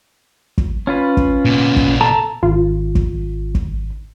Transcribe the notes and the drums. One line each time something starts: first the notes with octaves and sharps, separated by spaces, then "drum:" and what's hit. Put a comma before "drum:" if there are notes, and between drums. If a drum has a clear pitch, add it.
drum: kick
C#4 F4 B4
drum: kick
A#2 B3
drum: kick
A4 A5 A#5
G#1 F4
drum: kick
drum: kick